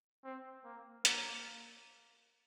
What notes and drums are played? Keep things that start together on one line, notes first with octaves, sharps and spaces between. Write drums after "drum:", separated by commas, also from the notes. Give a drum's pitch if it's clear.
C4
A#3
A#3, drum: hi-hat